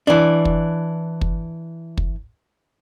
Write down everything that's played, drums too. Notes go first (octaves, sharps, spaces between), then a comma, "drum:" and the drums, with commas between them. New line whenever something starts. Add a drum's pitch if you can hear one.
E3 D4
drum: kick
drum: kick
drum: kick